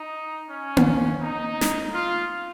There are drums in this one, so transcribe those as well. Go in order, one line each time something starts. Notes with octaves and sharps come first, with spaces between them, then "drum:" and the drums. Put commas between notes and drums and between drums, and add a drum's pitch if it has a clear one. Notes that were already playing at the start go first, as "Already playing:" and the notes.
Already playing: D#4
C#4
drum: tom A#3
D#4
drum: snare
F4